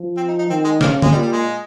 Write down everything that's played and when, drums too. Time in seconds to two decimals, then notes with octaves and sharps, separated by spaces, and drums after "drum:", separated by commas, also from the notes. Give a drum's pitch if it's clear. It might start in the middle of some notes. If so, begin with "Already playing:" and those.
Already playing: F3
0.17 C4
0.28 D#4
0.39 D#4
0.50 D#3 C4
0.64 G#3
0.81 C#3 A#3, drum: snare
1.02 G#3, drum: tom D3
1.12 A#2 G3
1.23 G3
1.33 G#3